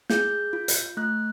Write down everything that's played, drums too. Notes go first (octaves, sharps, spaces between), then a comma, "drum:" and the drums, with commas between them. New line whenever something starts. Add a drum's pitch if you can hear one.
G#4 G6, drum: snare
F4
drum: hi-hat
A3 F#6